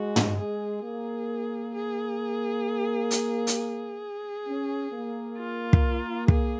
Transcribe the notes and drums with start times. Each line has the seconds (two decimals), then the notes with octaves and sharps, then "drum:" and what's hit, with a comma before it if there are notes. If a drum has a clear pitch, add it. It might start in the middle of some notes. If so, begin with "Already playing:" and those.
Already playing: G#3 F#4
0.16 drum: tom
0.37 G#3 G#4
0.83 A#3 G#4
1.74 G#4
3.11 drum: hi-hat
3.47 drum: hi-hat
3.56 G#4
4.47 C#4
4.92 A#3
5.38 F4
5.73 drum: kick
6.28 G#4, drum: kick